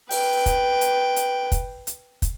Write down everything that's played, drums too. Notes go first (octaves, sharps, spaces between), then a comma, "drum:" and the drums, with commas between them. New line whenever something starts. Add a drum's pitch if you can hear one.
B4 G5, drum: open hi-hat
drum: kick, hi-hat
drum: hi-hat
drum: hi-hat
drum: kick, hi-hat
drum: hi-hat
drum: kick, hi-hat